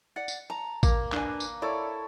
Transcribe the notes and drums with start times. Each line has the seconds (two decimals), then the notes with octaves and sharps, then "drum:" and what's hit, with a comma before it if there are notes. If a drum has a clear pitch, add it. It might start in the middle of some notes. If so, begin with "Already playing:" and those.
0.16 D5 F#5
0.28 drum: tambourine
0.50 A5 A#5
0.83 A#3, drum: kick, tambourine
1.12 D4 B4 G#5, drum: clap
1.40 drum: tambourine
1.62 E4 A4 C#5 D5